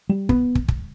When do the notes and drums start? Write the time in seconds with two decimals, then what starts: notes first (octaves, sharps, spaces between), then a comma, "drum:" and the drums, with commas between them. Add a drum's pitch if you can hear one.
0.09 G3
0.29 B3, drum: kick
0.55 drum: kick
0.68 drum: kick